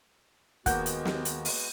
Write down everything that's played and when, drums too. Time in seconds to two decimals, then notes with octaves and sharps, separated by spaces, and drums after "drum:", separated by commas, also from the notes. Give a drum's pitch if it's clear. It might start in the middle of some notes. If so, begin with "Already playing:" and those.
0.66 D#2 G#3 A#3 B3 F#4 F#5 G6, drum: kick, hi-hat
0.86 drum: hi-hat
1.05 drum: snare
1.25 drum: hi-hat
1.45 drum: open hi-hat